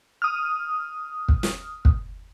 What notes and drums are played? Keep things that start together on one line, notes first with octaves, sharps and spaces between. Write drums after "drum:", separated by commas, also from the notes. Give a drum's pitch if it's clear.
D#6 F6
drum: kick
drum: snare
drum: kick